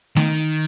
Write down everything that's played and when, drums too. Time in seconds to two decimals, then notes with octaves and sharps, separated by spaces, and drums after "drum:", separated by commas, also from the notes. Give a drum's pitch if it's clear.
0.16 D#3, drum: snare A3